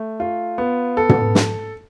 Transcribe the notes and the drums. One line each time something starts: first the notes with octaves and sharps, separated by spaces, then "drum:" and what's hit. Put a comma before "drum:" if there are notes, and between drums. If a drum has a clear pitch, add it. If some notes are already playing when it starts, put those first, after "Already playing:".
Already playing: A3
F4
B3
A4
drum: tom
drum: snare